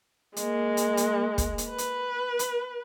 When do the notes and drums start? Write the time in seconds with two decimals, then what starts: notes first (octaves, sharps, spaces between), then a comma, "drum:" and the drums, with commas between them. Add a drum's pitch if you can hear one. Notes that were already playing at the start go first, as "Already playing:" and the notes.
0.36 G#3 A#3, drum: hi-hat
0.77 drum: hi-hat
0.97 drum: hi-hat
1.38 drum: kick, hi-hat
1.58 drum: hi-hat
1.69 B4
1.78 drum: hi-hat
2.39 drum: hi-hat